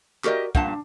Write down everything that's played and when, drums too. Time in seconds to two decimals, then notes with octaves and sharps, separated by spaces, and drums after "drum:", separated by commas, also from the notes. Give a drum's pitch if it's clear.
0.24 F#4 G4 A#4 D5 D#5, drum: clap
0.55 G2 A#2 F#5 A5, drum: kick
0.68 D4